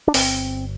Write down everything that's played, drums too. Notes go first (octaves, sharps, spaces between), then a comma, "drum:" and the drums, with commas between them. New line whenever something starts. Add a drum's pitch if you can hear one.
D4
G1 C4, drum: open hi-hat